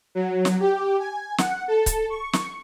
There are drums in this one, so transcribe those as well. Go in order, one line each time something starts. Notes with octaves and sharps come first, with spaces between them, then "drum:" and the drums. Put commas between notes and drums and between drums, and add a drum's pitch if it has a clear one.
F#3
drum: snare
G4
G#5
F#5, drum: snare
A4
drum: kick C#1, hi-hat
C#6
drum: snare